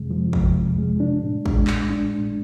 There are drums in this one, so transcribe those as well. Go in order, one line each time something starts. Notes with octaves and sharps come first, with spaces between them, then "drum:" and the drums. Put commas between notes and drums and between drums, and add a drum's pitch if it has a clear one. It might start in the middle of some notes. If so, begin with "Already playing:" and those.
Already playing: F2 C3 F3 G#3
F3
F2, drum: kick
C3
G#3
D4
A2
G#3, drum: kick
A2, drum: clap
D4
A2